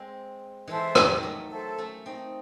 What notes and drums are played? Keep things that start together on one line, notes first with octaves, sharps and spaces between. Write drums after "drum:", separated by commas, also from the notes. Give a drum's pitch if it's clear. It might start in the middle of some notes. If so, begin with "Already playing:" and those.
Already playing: G#3 C4
E3 G#3 A4 C5 E5 A5
D#3 F#3, drum: rim click
G#3
F#3 A3
A4 C5 E5 A5
A3 C#4
C4 D#4